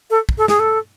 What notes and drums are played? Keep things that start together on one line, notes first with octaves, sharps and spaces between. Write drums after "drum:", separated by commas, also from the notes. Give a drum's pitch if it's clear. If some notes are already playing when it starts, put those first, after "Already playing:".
A4
drum: kick
A4
G#4, drum: snare
A4